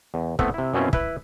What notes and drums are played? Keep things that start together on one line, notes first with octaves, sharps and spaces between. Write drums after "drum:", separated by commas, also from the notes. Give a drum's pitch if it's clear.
E2
A3 B3 C4 E4, drum: kick
C3 E4
F#2 B2 C4 C#4 E4 F4
E4 B4, drum: kick